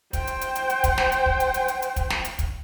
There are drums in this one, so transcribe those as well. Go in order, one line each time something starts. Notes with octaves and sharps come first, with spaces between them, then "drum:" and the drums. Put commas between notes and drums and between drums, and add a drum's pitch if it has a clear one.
C5 G5, drum: kick, hi-hat
drum: hi-hat
drum: hi-hat
drum: hi-hat
drum: hi-hat
drum: kick, hi-hat
drum: snare
drum: hi-hat
drum: kick
drum: hi-hat
drum: hi-hat
drum: hi-hat
drum: hi-hat
drum: kick, hi-hat
drum: snare
drum: hi-hat
drum: kick, hi-hat